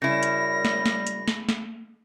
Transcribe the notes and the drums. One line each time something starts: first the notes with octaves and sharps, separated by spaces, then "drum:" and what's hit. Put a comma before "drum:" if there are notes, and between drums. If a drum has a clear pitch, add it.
F#2 C#3 G3 E4 A#6
drum: hi-hat
drum: snare
drum: snare
drum: hi-hat
drum: snare
drum: snare